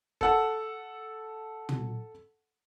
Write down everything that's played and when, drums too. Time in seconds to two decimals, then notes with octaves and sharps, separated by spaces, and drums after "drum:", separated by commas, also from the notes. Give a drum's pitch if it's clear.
0.21 A4 F#5 A5, drum: kick F#1
1.69 drum: tom